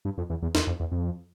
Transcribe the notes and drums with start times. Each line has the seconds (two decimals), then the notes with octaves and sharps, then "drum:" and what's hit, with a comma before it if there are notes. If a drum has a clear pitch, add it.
0.05 G2
0.18 F2
0.30 E2
0.42 E2
0.55 E2, drum: snare
0.67 F2
0.80 E2
0.92 F2